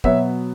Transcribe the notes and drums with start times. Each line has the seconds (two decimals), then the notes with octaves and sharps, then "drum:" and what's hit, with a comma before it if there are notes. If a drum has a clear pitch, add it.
0.04 B2 F#3 B3 C#5 E5, drum: kick